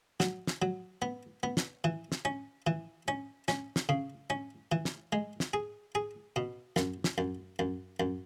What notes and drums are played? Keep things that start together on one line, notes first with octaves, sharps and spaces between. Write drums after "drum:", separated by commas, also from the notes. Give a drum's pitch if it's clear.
F#3, drum: snare
drum: snare
F#3
B3
B3
drum: snare
E3
drum: snare
C#4
E3
C#4
C#4, drum: snare
drum: snare
C#3
C#4
E3
drum: snare
G#3
drum: snare
G#4
G#4
B2
F#2, drum: snare
drum: snare
F#2
F#2
F#2